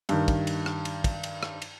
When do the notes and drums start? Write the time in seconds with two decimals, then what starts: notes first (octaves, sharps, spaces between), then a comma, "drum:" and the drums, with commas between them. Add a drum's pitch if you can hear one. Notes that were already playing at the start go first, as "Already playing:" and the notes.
0.09 G2 D#3, drum: cymbal
0.28 drum: kick, cymbal
0.47 drum: cymbal
0.66 drum: rim click
0.85 drum: cymbal
1.04 drum: kick, cymbal
1.23 drum: cymbal
1.43 drum: rim click
1.62 drum: cymbal